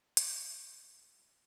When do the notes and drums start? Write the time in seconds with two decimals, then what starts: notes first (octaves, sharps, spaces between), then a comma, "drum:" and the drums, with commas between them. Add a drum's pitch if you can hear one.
0.17 G#2 G#3 A4 C#5 D#5, drum: hi-hat